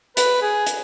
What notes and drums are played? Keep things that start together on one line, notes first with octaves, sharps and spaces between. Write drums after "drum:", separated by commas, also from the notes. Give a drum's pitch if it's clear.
B4, drum: hi-hat
G#4
drum: hi-hat